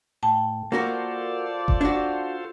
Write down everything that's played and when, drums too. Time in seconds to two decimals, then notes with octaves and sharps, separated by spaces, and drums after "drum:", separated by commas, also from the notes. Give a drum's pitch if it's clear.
0.23 A2 G5 A5
0.72 A#3 F4 F#4 A4 A#4 C5 D5
1.68 drum: kick F#1
1.81 D4 F#4